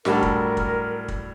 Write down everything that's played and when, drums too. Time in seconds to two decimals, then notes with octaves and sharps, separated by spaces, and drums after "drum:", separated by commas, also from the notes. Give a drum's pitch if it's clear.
0.05 A2 G3 D4 F#4 A4 A#4, drum: snare
0.23 drum: kick
0.57 drum: kick
1.08 drum: kick